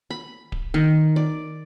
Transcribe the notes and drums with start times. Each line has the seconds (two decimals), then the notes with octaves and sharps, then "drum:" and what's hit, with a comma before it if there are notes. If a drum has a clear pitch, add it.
0.10 B5
0.52 drum: kick D1
0.74 D#3
1.16 D5